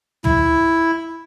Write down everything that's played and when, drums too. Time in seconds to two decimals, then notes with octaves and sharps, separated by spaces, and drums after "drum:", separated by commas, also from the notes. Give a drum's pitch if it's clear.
0.24 E4, drum: tom